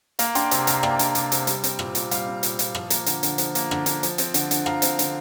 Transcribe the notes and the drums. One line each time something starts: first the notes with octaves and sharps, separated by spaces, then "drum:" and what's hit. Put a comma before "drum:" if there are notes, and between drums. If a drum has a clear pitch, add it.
A#3 F5 A#5, drum: hi-hat
D4 G5 C6, drum: hi-hat
C3 F5 A#5, drum: hi-hat
C3 F5 A#5, drum: hi-hat
A#3 D5 G5, drum: rim click
D4, drum: hi-hat
C3, drum: hi-hat
C3, drum: hi-hat
G3, drum: hi-hat
C4, drum: hi-hat
A#2, drum: rim click
A#2, drum: hi-hat
G3 F5, drum: hi-hat
C4
A#2, drum: hi-hat
A#2, drum: hi-hat
F3, drum: rim click
A#3, drum: hi-hat
D3, drum: hi-hat
D3, drum: hi-hat
F3, drum: hi-hat
A#3, drum: hi-hat
D3, drum: rim click
D3, drum: hi-hat
F3, drum: hi-hat
C4, drum: hi-hat
D3, drum: hi-hat
D3, drum: hi-hat
F3 F5 A#5, drum: rim click
C4, drum: hi-hat
D3, drum: hi-hat